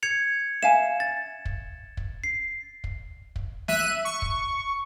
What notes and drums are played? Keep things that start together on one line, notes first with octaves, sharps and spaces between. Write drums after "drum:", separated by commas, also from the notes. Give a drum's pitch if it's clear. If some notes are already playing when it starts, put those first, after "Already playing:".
G#6 C#7 F7
E5 F5 G#5 E7
A6
drum: kick
drum: kick
C7
drum: kick
drum: kick
E5 F#6 D#7, drum: snare
C#6
drum: kick